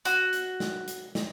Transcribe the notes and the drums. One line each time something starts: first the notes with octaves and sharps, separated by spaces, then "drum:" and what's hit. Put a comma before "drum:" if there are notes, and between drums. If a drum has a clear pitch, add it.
F#4, drum: hi-hat
drum: hi-hat
drum: snare
drum: hi-hat
drum: snare